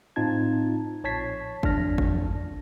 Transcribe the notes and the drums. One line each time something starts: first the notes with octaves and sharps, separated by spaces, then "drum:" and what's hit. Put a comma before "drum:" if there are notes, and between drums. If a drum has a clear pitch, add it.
A2 C4 D#4 F4 A5 G#6
A#1 C#5 A5 G#6 B6 C7
F2 D4 A5 F6 A#6, drum: kick G1
drum: kick G1